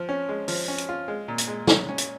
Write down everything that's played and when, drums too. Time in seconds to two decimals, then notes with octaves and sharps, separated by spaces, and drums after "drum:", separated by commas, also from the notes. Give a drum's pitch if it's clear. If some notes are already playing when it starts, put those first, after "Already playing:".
Already playing: F3
0.09 C#4
0.29 G#3
0.48 F3, drum: open hi-hat
0.68 C#4
0.78 drum: hi-hat
0.89 F4
1.08 G#3
1.28 A#2
1.38 drum: hi-hat
1.48 G#3
1.67 C#4, drum: snare
1.89 C#4
1.98 drum: hi-hat